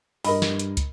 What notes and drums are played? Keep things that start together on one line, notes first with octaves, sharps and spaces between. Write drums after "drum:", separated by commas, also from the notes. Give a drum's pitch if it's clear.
G2 A#4 D#5 B5, drum: open hi-hat
drum: snare
drum: hi-hat
drum: kick, hi-hat